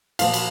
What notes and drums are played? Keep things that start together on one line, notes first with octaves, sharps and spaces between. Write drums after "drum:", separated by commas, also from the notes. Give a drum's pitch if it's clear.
A#2 F3 A#3 F5, drum: cymbal
drum: cymbal